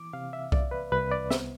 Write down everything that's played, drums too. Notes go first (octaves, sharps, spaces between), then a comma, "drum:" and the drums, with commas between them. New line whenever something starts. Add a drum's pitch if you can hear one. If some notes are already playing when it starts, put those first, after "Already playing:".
Already playing: E3 D6
C3 F5
E5
C2 D5, drum: kick B1
B4
C2 B4
D5
B3 E5, drum: snare